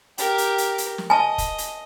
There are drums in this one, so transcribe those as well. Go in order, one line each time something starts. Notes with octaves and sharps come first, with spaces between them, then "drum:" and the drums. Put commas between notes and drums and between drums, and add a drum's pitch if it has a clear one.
G4 A#4, drum: hi-hat
drum: hi-hat
drum: hi-hat
drum: hi-hat
drum: snare
D#5 G#5 A5
drum: kick, hi-hat
drum: hi-hat